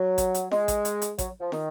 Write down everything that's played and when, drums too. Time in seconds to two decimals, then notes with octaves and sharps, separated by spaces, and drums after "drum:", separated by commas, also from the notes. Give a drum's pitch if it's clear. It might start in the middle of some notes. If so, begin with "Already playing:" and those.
Already playing: F#3
0.18 drum: kick A1, hi-hat
0.34 drum: hi-hat
0.51 G#3, drum: snare
0.68 drum: kick A1, hi-hat
0.85 drum: hi-hat
1.02 drum: hi-hat
1.18 F#3, drum: kick A1, hi-hat
1.41 F3
1.52 D#3, drum: snare